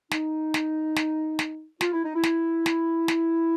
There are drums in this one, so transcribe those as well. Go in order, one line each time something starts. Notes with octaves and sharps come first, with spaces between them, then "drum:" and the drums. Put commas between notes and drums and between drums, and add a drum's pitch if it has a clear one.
D#4, drum: snare
drum: snare
drum: snare
drum: snare
F4, drum: snare
E4
D#4
E4
drum: snare
drum: snare
drum: snare